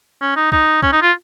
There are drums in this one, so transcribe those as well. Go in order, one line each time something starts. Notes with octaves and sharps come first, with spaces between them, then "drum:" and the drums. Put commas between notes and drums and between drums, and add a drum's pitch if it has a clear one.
C#4
D#4
D#4, drum: kick
C#4, drum: kick
D#4
F4